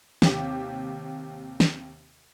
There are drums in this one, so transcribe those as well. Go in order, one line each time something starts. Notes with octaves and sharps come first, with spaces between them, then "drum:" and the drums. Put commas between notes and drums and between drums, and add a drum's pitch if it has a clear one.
D#2 C3 G4, drum: snare
drum: snare